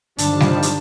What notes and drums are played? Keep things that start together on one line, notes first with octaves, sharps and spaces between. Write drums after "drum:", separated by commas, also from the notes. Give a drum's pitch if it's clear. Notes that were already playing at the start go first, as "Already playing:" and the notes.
G2 D3 D#3 F3 G3 D4 A5 D6, drum: hi-hat
drum: snare G3
drum: hi-hat